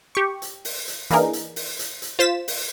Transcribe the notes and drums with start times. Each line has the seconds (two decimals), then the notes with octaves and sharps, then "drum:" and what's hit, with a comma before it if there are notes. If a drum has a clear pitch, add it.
0.15 G4 C#6
0.42 drum: hi-hat
0.65 drum: open hi-hat
0.88 drum: hi-hat
1.10 E3 A#3 D4 D#4 G#4 A#4, drum: hi-hat
1.33 drum: hi-hat
1.56 drum: open hi-hat
1.79 drum: hi-hat
2.02 drum: hi-hat
2.19 F4 C5 A6 B6 E7
2.48 drum: open hi-hat